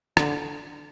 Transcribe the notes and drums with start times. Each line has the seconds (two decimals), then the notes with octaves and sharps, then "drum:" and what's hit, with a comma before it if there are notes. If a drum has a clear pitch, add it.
0.17 D3, drum: rim click